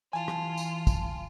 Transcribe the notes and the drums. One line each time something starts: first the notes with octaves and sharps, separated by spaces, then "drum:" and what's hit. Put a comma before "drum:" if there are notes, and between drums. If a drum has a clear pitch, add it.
E3 F4 G#5 A5
drum: rim click
drum: tambourine
drum: kick, tambourine